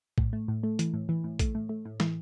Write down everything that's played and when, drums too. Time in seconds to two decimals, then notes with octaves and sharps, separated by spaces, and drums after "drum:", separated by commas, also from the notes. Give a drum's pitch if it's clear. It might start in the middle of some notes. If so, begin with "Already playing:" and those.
0.18 A2, drum: kick A#1
0.33 A3
0.48 A2
0.63 A3
0.79 E3, drum: hi-hat
0.94 A2
1.09 E3
1.24 A2
1.39 A3, drum: kick A#1, hi-hat
1.55 A2
1.69 A3
1.85 A2
2.00 E3, drum: snare